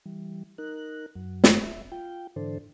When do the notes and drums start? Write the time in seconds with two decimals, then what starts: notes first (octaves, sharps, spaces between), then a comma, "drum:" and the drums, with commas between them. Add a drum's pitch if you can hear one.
0.06 E3 G3
0.58 D#4 A#4 F#6
1.15 F#2 F#3
1.44 drum: snare
1.63 E5
1.92 F4 G5
2.36 G#2 D3 E3 D4 A4 C5